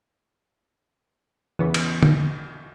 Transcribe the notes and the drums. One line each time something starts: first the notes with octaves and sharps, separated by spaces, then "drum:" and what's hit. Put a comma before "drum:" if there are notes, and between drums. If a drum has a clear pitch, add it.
E2 C#3 E3 B3
drum: cymbal
drum: tom D3